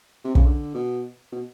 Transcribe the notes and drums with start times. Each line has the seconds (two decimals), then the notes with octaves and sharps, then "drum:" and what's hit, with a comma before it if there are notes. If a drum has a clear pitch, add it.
0.24 C3
0.35 C#3, drum: kick
0.46 D3
0.75 B2
1.32 B2